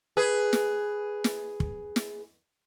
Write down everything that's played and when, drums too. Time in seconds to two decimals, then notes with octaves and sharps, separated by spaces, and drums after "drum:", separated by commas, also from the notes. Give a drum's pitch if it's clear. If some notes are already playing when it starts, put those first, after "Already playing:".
0.17 G#4 B4
0.53 drum: snare
1.24 drum: snare
1.60 drum: kick
1.96 drum: snare